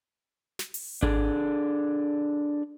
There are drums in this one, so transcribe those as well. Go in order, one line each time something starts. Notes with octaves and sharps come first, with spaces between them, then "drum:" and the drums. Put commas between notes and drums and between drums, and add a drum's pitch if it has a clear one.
drum: snare
drum: open hi-hat
D4 G#4 A4, drum: kick G#1